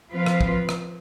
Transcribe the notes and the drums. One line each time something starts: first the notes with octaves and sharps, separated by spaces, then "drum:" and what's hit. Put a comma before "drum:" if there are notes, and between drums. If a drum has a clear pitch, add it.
F3 C4 F4 B4 F5
drum: rim click
drum: kick
drum: rim click